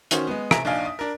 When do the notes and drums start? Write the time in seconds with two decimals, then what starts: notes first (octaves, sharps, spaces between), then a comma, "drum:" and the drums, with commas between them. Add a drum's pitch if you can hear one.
0.11 D#3 C#4 F#4 C5, drum: hi-hat
0.27 G#3 B3
0.51 A1 C3 G#5 A#5 B6 D7, drum: rim click
0.65 A#1 D4 D#4 F5 G#5
0.85 D#6
0.99 D4 A#4